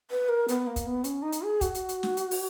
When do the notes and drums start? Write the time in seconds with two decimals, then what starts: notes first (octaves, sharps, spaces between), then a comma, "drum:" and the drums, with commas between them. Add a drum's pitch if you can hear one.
0.11 B4
0.29 A#4
0.49 B3, drum: hi-hat
0.67 A#3
0.76 drum: kick, hi-hat
0.86 B3
1.04 C#4, drum: hi-hat
1.22 D#4
1.32 drum: hi-hat
1.42 G#4
1.61 F#4, drum: kick, hi-hat
1.75 drum: hi-hat
1.89 drum: hi-hat
2.03 drum: snare
2.17 drum: hi-hat
2.31 drum: open hi-hat